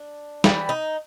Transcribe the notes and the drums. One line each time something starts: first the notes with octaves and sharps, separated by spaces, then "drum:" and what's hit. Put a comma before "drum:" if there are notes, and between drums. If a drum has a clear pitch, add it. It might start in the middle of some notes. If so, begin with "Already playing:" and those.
Already playing: D4
E3 G3 B3 E4, drum: snare
D#4